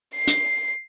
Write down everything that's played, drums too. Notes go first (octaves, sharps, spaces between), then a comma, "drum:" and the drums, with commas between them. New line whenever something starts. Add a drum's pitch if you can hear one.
C7
drum: hi-hat